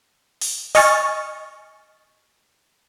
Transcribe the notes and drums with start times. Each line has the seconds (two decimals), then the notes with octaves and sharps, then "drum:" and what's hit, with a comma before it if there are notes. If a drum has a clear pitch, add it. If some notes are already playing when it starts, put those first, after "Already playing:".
0.41 drum: open hi-hat
0.75 D#5 G#5 C#6 F6 A6, drum: open hi-hat